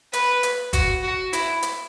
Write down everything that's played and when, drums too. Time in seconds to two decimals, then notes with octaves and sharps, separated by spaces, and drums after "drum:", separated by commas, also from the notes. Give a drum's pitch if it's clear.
0.13 B4, drum: hi-hat
0.43 drum: hi-hat
0.73 F#4, drum: kick, hi-hat
1.03 F#4
1.33 E4, drum: hi-hat
1.62 drum: hi-hat